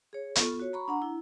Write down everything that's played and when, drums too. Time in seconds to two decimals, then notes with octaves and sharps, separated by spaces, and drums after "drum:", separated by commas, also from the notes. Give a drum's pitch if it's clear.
0.13 G#4 C#5
0.35 B3 F4 A4 C#6, drum: hi-hat
0.60 F#4 C#5
0.73 A#5 B5 C#6
0.88 D4 F#5 A#5
1.02 E4